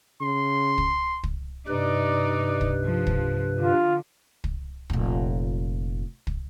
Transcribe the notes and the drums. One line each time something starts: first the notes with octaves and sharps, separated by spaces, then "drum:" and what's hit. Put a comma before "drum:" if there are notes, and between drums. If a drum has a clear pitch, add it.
C#3 C6
drum: kick
drum: kick
G2 C3 D#4 B4 D5
drum: kick
F3
drum: kick
D3 F4
drum: kick
F1 A#2, drum: kick
drum: kick